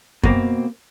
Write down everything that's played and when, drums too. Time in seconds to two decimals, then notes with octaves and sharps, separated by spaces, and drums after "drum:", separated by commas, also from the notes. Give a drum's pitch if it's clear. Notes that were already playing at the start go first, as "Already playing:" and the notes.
0.23 B2 A#3 C4, drum: kick F#2